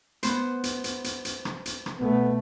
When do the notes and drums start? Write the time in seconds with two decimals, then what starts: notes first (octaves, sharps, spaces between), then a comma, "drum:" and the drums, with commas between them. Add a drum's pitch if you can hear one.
0.23 B3 C5, drum: hi-hat
0.64 drum: hi-hat
0.84 drum: hi-hat
1.04 drum: hi-hat
1.25 drum: hi-hat
1.45 drum: rim click
1.66 drum: hi-hat
1.86 drum: rim click
1.98 B2 A3 B3